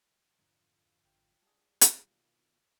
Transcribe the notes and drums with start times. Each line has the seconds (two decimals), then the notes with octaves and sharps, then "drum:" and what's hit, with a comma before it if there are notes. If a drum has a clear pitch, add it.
0.39 F2 G#2 D3 F4
1.04 G1 G5
1.42 G3 D4 G#4
1.81 drum: hi-hat
1.94 B2 D#3 A#3 F4